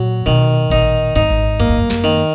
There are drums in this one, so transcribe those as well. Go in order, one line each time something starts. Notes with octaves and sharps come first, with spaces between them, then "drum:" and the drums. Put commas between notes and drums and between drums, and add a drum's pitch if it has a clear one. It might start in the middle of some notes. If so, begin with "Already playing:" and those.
Already playing: A#2 F#3
B2 D#3
A#2 D#4, drum: kick G#1
G#2 D#4
drum: kick G#1
F#2 A#3
F2
F#2
F#2, drum: snare
D#3